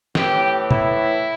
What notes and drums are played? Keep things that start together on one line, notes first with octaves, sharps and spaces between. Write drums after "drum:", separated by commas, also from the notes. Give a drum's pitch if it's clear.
A2 E3 G4, drum: snare
E4, drum: tom